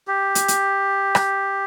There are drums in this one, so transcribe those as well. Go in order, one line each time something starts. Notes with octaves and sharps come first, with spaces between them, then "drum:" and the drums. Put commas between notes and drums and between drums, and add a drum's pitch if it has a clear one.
G4
drum: hi-hat
drum: hi-hat
drum: rim click